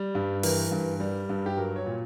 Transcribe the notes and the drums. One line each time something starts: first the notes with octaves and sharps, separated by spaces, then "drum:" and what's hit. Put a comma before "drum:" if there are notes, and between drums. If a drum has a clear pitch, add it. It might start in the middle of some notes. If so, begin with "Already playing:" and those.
Already playing: G3
G2
E3 A#4, drum: open hi-hat
G2
G3
G2
G4
F#3 A#4
C#5
A#2